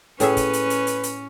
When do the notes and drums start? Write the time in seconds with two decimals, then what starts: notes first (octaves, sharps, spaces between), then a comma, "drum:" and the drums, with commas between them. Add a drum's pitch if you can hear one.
0.20 A2 C#4 G#4 B4 E5, drum: hi-hat
0.37 drum: kick, hi-hat
0.53 drum: hi-hat
0.70 drum: hi-hat
0.87 drum: hi-hat
1.03 drum: hi-hat